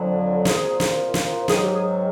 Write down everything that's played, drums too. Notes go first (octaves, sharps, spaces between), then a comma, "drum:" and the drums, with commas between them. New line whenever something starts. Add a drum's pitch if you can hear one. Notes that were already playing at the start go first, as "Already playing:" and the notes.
Already playing: F2 D3 F#3
C2 A#2 F3 G#4, drum: snare
drum: snare
drum: snare
G#2 D#3 F#3 G#4, drum: snare
G4
G#4